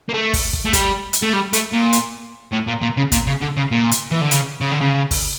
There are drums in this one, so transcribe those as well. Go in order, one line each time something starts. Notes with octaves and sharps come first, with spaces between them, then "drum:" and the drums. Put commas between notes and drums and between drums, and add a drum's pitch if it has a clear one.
A#3
A3
drum: kick, open hi-hat
drum: kick
A3
G3, drum: kick, hi-hat
drum: hi-hat
A3
G3
A3, drum: hi-hat
A#2
drum: hi-hat
A2
A#2
A#2
C#3
A#2, drum: kick, hi-hat
C#3
D3
C#3
A#2
drum: hi-hat
E3
D3
C#3, drum: hi-hat
C#3
D3
C#3
drum: kick, open hi-hat